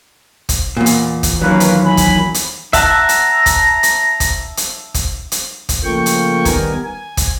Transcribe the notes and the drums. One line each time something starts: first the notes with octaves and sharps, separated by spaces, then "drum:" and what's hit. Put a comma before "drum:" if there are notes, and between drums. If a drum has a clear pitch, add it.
drum: kick, hi-hat
E2 A#2
drum: hi-hat
drum: kick, hi-hat
D#3 F#3 A#3 C#4 B4
drum: hi-hat
G#5 B5
drum: kick, hi-hat
drum: hi-hat
E5 F#5 A5 A#5, drum: kick, hi-hat
drum: hi-hat
drum: kick, hi-hat
drum: hi-hat
drum: kick, hi-hat
drum: hi-hat
drum: kick, hi-hat
drum: hi-hat
drum: kick, hi-hat
C#3 F3 A3 A#3 G5 C#6
drum: hi-hat
D#3 G3 B3 A#4 G#5, drum: kick, hi-hat
G#5
drum: kick, hi-hat